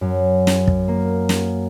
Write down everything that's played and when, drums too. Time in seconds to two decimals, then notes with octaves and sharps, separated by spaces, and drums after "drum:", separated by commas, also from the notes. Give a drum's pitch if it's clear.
0.01 F#2
0.47 drum: snare
0.68 drum: kick
0.88 A#3
1.29 drum: snare